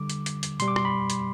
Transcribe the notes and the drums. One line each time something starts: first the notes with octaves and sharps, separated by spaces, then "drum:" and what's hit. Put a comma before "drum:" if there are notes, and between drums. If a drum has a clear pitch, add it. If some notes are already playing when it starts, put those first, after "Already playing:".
Already playing: D3 G3 D6
drum: hi-hat
drum: hi-hat
drum: hi-hat
B2 G3 C6, drum: hi-hat
D6
C6, drum: rim click
B5
drum: hi-hat